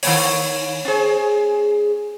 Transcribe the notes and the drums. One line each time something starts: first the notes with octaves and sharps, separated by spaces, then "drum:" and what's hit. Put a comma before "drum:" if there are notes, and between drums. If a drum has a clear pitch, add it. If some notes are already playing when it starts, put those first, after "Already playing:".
D#3 A#3 C#5, drum: open hi-hat
C4 G#4